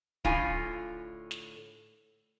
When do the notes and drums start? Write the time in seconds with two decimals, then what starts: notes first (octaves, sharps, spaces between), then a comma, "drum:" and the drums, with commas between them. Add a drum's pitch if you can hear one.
0.25 A2 D3 F4 G#5, drum: kick
1.31 drum: snare